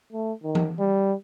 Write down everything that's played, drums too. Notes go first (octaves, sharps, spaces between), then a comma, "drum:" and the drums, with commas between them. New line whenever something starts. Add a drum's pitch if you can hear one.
A3
D#3
drum: tom E3
G3